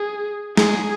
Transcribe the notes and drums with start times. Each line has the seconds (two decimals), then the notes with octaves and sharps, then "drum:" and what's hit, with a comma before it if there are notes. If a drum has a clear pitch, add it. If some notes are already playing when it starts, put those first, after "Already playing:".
Already playing: G#4
0.57 G#4, drum: snare